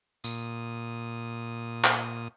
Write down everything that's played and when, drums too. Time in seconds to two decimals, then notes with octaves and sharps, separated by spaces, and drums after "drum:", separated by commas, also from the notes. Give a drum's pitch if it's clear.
0.24 A#2 D#6, drum: tambourine
1.84 drum: clap